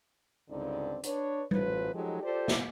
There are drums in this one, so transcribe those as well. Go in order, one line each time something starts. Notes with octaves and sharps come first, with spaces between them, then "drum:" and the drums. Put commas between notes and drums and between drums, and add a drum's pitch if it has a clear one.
C#2 G2 D3 C4 D#4 D5
D4 B4 C#5, drum: hi-hat
A1 F#2 A2 F4 B4 C5, drum: tom G3
F3 F#3 G#3 D#4 G4 A4
F4 G4 A4 C5 D5
drum: snare